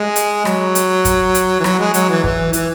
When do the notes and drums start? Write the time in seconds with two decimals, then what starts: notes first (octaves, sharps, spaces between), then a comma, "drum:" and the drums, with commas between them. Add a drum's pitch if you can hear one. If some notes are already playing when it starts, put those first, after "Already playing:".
Already playing: G#3
0.16 drum: hi-hat
0.45 F#3, drum: rim click
0.75 drum: hi-hat
1.05 drum: kick, hi-hat
1.35 drum: hi-hat
1.60 E3
1.64 F#3, drum: rim click
1.79 G#3
1.94 F#3, drum: hi-hat
2.09 E3
2.24 E3, drum: kick
2.53 E3, drum: hi-hat